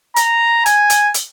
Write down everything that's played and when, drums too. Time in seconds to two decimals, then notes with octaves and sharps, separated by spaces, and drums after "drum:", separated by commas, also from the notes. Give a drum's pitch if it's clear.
0.16 A#5, drum: hi-hat
0.66 G#5, drum: hi-hat
0.90 drum: hi-hat
1.14 drum: hi-hat